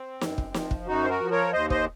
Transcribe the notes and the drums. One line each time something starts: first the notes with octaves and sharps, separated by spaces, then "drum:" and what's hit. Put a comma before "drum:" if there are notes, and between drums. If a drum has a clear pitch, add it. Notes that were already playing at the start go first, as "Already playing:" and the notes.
Already playing: C4
F#2, drum: snare
drum: kick
F3, drum: snare
drum: kick
F#2 D#4 F#4
C5
F#4 A#4
F3
A#4 C#5
D#2 C5 D#5
C5 D#5, drum: kick